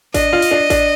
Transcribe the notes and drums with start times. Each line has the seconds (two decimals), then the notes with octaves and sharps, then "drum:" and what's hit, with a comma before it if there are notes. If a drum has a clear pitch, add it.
0.14 D4 D#5, drum: kick A1, hi-hat
0.33 F4
0.42 drum: hi-hat
0.51 D4
0.70 D4, drum: kick A1, hi-hat